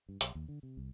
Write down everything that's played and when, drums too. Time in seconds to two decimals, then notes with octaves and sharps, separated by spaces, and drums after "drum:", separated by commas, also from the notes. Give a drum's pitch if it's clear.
0.09 G2
0.21 B1, drum: hi-hat
0.35 D#2
0.48 D3
0.63 C3
0.77 C2